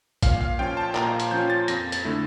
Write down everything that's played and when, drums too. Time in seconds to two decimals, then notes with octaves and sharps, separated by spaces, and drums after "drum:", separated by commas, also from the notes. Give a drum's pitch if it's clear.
0.22 A#2 F5, drum: kick, hi-hat
0.41 F5
0.59 F3 C#4 F4 G5
0.77 A5
0.95 A#2 A#5, drum: clap
1.20 drum: hi-hat
1.31 F3 C#4 F4 G6
1.50 A6
1.68 F2 A#6, drum: hi-hat
1.92 A6, drum: hi-hat
2.05 D3 A3 E4